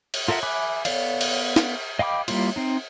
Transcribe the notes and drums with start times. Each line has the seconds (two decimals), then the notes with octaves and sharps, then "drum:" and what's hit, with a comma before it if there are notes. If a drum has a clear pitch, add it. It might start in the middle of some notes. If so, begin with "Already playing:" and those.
0.14 drum: cymbal
0.28 F4 A4 A#4 E5 F#5
0.43 E5 G#5 B5 D6 F#6
0.85 B3 A4 C#5 D5 F5, drum: cymbal
1.21 drum: cymbal
1.56 drum: snare
1.99 D#5 F5 G5 B5 D6
2.28 G3 A#3 E4 F4, drum: cymbal
2.56 C4 D#4